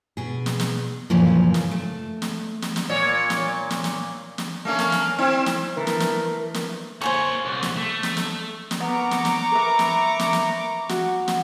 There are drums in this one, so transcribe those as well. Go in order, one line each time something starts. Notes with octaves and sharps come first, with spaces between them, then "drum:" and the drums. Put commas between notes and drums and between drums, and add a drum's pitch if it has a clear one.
B2 G#4
drum: snare
drum: snare
F#2 A#2 C#3 E3 F3 A#3
drum: snare
A3
drum: snare
drum: snare
drum: snare
A#2 C#5
drum: snare
drum: snare
drum: snare
drum: snare
A3 A#3 C#4
drum: snare
drum: snare
C4 E4
drum: snare
E3 A3 A#4
drum: snare
drum: snare
drum: snare
A#3 C5 C#5 G#5 C#6
C2
drum: snare
A3
drum: snare
drum: snare
drum: snare
B3 A#4 A#5 C#6 D6
drum: snare
drum: snare
A#4 B4 E5
drum: snare
drum: snare
drum: snare
F#4, drum: snare
drum: snare